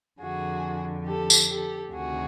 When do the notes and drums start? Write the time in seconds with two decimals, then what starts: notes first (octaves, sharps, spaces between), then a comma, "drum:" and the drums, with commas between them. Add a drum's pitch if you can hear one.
0.21 F2 D3 F#4 G#4
1.06 G4 A4
1.30 drum: tambourine
1.49 G4 A4
1.92 D2 C3 D#3 F#4 G#4